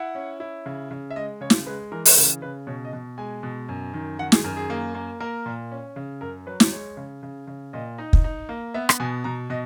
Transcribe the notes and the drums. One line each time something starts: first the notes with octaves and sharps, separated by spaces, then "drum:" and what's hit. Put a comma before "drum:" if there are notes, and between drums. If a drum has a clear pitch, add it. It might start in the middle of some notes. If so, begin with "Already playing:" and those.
Already playing: E4 F#5
C#4
E4
C#3
C#3
E5
G#3 D#5
C#3 C#5
drum: snare
G#3 B4
E3 A#4
drum: open hi-hat
C#3 A#4
C#3 B4
B2 C#5
D#5
B2
G#3 G#5
B2
F#2
D#3
D#3 F#5
G#4, drum: snare
F#2 A#4
G#4
A#3
A#3
A#3 A#4
A#2
C#4
C#3
F#2 A#4
F#3 B4
drum: snare
G#3 C#5
C#3
C#3
C#3
A#2 D#5
D#4 D#5
drum: kick
D#4
A#3
B3 E5
drum: rim click
B2 G#5
B2 A#5
B2 D#5